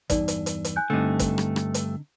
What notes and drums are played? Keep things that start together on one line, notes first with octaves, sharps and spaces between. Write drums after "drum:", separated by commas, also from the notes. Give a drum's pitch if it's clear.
E2 G2 D#4 D5, drum: kick, hi-hat
drum: hi-hat
drum: hi-hat
drum: hi-hat
G#5 F#6 G6
G2 D3 A3 C4 D#4
drum: kick, hi-hat
drum: rim click
drum: rim click
drum: hi-hat